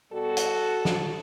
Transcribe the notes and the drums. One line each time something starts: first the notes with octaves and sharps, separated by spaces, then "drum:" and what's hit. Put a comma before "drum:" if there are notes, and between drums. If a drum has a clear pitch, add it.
B2 G3 F#4 A4
drum: hi-hat
drum: snare